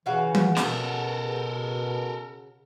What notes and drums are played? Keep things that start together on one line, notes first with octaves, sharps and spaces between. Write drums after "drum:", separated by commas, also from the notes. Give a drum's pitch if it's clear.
C#3 E3 F#4 F5
drum: tom E3
B2 A4 A#4, drum: snare